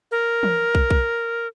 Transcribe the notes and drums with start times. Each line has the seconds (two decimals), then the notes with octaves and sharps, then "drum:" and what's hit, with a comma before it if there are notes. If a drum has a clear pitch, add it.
0.11 A#4
0.43 drum: tom E3
0.75 drum: kick
0.90 drum: kick